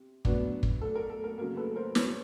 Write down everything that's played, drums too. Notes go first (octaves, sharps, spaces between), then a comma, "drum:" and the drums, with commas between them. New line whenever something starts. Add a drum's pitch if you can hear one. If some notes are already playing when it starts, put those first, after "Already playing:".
Already playing: C3
A2 F#3 B3 D4, drum: kick
drum: kick
A4
A#4
A4
A#4
C#3 F#3 A#3 A#4
A4 B4
A#4 C5
B4 C#5, drum: snare